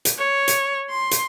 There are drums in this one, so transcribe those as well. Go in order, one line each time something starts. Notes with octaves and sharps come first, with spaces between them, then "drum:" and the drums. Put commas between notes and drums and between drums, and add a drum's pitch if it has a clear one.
drum: hi-hat
C#5
drum: hi-hat
C6
drum: hi-hat